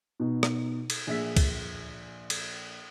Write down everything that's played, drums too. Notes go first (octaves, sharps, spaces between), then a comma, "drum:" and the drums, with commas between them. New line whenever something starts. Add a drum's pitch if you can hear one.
B2 D#4
drum: rim click
drum: cymbal
A#1 G#4 E5 E6 B6
drum: kick C2, cymbal
drum: cymbal